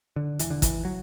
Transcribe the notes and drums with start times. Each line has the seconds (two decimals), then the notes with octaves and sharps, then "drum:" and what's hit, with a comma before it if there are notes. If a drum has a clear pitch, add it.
0.16 D3
0.39 E1 E3, drum: hi-hat
0.51 D3
0.62 E3, drum: kick, hi-hat
0.85 F#3